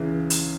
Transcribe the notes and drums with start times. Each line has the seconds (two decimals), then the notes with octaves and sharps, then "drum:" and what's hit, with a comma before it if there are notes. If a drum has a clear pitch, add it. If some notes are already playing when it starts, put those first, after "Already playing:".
Already playing: C#2 C#3 E3
0.30 drum: hi-hat